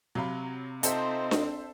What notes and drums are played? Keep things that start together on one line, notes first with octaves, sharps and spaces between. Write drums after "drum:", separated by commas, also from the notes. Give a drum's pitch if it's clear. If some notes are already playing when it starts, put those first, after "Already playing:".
C3 F#3 F5 B5
C4 D#4 F4 A4 C5 D#5 E5, drum: hi-hat
drum: snare D4